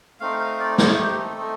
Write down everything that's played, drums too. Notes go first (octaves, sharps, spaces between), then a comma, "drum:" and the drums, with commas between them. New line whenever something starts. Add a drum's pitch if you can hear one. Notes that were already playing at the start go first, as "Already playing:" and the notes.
A3 C4 D#4 F5
F5
D5
A3 C4 D#4 C5, drum: snare
G4
A4
A3 C4 D#4